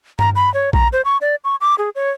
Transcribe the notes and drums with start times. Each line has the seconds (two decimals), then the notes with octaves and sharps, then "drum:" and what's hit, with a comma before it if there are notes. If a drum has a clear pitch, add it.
0.19 A#5, drum: tom G2
0.36 B5
0.54 C#5
0.73 A#5, drum: kick A#1
0.93 C5
1.05 C#6
1.21 D5
1.44 C#6
1.61 D6
1.78 G#4
1.95 C#5